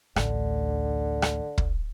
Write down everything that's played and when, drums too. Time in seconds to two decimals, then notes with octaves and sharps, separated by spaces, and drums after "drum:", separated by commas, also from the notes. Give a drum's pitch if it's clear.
0.16 A1 D2 D3, drum: rim click
1.22 drum: rim click
1.58 drum: kick